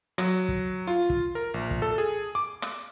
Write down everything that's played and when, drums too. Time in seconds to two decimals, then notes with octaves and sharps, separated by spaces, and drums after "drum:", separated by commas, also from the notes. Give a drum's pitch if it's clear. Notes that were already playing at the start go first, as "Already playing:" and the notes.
0.18 F#3, drum: rim click
0.49 drum: kick
0.87 F4
1.10 drum: kick
1.35 A#4
1.54 A#1
1.71 drum: kick
1.82 A4
1.98 G#4
2.35 D6
2.62 drum: rim click